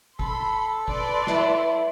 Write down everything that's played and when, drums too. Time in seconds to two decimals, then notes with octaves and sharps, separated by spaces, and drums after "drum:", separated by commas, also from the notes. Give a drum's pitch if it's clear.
0.19 A4 B5 C6, drum: kick
0.88 B4 D5 C6, drum: kick
1.27 E4, drum: snare